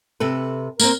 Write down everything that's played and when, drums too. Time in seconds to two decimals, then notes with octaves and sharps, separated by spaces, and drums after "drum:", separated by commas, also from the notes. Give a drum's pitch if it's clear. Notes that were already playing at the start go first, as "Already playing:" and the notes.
0.20 C3 A4 B4
0.80 A#3 C4 A#4, drum: tambourine